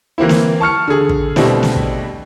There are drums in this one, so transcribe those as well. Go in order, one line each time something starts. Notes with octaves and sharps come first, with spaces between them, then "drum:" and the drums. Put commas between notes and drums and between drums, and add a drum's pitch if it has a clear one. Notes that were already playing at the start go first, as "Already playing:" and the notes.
E3 A#3 C4 E4
drum: snare
A5 C#6 F6 C#7
D3 G#4
drum: kick
B2 G3 A3 C4 D4 E4, drum: snare
drum: snare
drum: kick